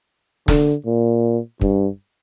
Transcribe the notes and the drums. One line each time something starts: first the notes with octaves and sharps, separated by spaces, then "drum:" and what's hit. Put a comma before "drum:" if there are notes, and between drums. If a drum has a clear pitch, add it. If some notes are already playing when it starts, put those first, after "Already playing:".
D3, drum: snare
A#2
G2, drum: kick